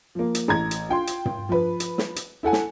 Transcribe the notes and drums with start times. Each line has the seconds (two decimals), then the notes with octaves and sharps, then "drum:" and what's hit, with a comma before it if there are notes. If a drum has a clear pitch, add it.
0.15 F3 A#3
0.35 drum: hi-hat
0.48 A1 A#5 G#6
0.71 drum: hi-hat
0.89 F4 G5 C6
1.07 drum: hi-hat
1.25 drum: tom
1.49 F3 B4
1.80 drum: hi-hat
1.98 drum: snare
2.16 drum: hi-hat
2.43 E4 A4 F#5 G#5
2.53 drum: snare